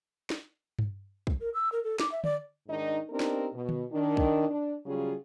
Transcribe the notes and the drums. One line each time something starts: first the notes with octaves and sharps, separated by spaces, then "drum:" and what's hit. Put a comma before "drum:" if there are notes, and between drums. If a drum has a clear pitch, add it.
drum: snare
drum: tom G2
drum: kick
A#4
E6
A#4
A4
D6, drum: snare
E5
D5, drum: tom D3
G#2 D#3 D4 D#4
B3 C4 D4 D#4 G4 A#4
drum: snare
B2
drum: tom D3
D#3 D4
drum: kick
D4
C#3 F#3 G3 C#4 F4 G#4